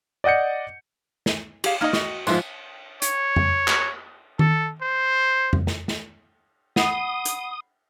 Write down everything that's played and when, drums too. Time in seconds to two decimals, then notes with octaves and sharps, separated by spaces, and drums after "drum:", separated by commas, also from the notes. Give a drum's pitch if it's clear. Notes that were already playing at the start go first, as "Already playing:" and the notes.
0.24 D5 D#5 F#5 G6 C#7
1.26 drum: snare
1.64 G4 G#4 F5, drum: cymbal
1.81 A#3 D#4 D#5 F6
1.93 F#4, drum: snare
2.27 G#2 F3 G#3 B3 E5, drum: tambourine
3.02 C#5, drum: hi-hat
3.36 drum: tom F2
3.68 drum: clap
4.39 A4, drum: tom D#3
4.82 C5
5.53 drum: tom F2
5.67 drum: snare
5.88 drum: snare
6.76 F#5 B5 D#6 C7, drum: snare
7.25 drum: hi-hat